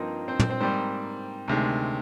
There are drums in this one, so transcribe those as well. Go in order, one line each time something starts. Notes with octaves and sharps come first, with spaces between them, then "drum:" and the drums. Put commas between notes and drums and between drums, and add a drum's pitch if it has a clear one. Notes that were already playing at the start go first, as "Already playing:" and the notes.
Already playing: G2 F3 A#3 C4 D#4 A#4
C4 C5
C4 C5, drum: tom
C4 C5
G#2 G3 A#3 C4 C5
D2 C3 D#3 G#3